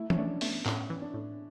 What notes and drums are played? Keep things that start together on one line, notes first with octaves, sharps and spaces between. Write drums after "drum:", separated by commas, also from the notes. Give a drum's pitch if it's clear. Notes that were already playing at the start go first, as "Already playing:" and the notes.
Already playing: A3 E4
C#4, drum: tom
A3 D4
A3 B3, drum: open hi-hat
A2 C#4, drum: clap
E3
D4
A2